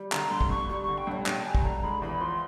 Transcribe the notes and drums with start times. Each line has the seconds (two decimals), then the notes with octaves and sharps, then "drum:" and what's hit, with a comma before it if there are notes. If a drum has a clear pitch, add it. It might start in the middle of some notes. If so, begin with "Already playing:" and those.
Already playing: G3
0.12 D3 A#5, drum: clap
0.31 G2 C6
0.41 drum: kick
0.50 G2 C#6
0.69 G3 C#6
0.83 D3 C#6
0.98 G5
1.07 G2 C#5
1.26 G2 G5, drum: clap
1.45 G3 G#5
1.55 drum: kick
1.64 D3 A#5
1.83 G#3 B5
2.02 E2 B5
2.21 F3 C6